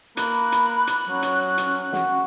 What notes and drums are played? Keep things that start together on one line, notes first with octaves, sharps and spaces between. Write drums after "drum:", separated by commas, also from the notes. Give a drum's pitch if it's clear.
A#3 B5 F#6, drum: hi-hat
drum: hi-hat
drum: hi-hat
F#3 C#4
drum: hi-hat
drum: hi-hat
F#4, drum: snare